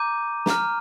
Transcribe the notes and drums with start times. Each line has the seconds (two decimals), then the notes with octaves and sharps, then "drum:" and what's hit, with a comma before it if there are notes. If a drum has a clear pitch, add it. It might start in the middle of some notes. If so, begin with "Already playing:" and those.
Already playing: A#5 D6 G6 D#7
0.46 A#5 F6, drum: snare